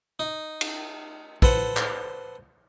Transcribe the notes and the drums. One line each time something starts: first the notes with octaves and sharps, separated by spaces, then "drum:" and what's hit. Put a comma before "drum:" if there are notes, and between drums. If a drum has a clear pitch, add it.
D#4
drum: cymbal
A4 B4 C5 F#5, drum: kick
drum: clap